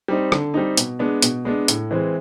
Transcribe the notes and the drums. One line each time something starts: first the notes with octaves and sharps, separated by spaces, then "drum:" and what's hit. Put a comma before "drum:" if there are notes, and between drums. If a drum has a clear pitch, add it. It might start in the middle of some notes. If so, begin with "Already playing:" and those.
G3 C4 D#4
D3, drum: rim click
G3 C4 D#4
B2, drum: hi-hat
G#3 B3 D4
B2, drum: hi-hat
G#3 B3 D4
A2, drum: hi-hat
E3 G#3 C4